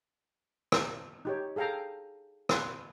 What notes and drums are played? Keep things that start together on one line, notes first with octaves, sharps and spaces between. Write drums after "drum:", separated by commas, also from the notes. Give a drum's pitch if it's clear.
drum: rim click
D#4 G4 C#5
G#4 A4 F5 G5 A#5
B4 C6, drum: rim click